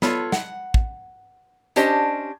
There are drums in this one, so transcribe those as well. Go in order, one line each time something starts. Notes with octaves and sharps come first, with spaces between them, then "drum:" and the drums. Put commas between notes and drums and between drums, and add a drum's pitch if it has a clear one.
B3 F4 A4 C#5, drum: snare
F#5, drum: snare
drum: kick
C#4 D4 G4 C5 D#5, drum: hi-hat